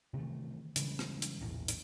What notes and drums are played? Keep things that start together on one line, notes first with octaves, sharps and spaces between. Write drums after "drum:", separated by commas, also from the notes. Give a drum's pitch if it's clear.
C3 D#3 E3 A3
C#3 E3 G3 G#3, drum: hi-hat
drum: rim click
drum: hi-hat
A#1 E2 A2
drum: hi-hat